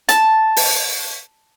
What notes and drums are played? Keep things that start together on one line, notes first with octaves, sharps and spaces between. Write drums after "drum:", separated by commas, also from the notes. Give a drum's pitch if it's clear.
A5, drum: hi-hat
drum: open hi-hat